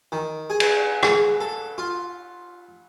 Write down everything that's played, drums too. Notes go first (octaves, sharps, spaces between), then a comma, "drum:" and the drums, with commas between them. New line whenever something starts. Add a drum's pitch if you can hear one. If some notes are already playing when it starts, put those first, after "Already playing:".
D#3
G#4
drum: cymbal
G#3, drum: rim click
A4
F4